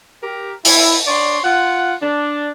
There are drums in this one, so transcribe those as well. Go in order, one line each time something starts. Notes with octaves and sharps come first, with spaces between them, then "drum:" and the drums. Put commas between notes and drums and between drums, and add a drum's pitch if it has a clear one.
G4 A#4
E4, drum: open hi-hat
D4 C#5 D5 C6
F4 F#5
D4